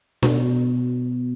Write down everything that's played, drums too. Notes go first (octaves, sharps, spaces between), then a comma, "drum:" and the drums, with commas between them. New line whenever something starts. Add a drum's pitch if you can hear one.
B2, drum: snare D4